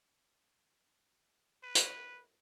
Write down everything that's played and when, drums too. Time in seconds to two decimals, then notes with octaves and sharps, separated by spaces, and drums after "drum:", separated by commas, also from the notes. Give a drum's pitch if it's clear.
1.63 B4
1.75 drum: hi-hat